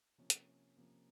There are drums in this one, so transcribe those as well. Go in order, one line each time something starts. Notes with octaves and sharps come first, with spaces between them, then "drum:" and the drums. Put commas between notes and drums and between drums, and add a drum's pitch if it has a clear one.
C3 F3 A#3 C#4
drum: hi-hat
C3 F3 A#3 C#4